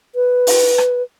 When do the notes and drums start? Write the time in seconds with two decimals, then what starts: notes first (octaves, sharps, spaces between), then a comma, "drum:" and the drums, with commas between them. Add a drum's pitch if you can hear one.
0.15 B4
0.47 drum: open hi-hat
0.78 drum: rim click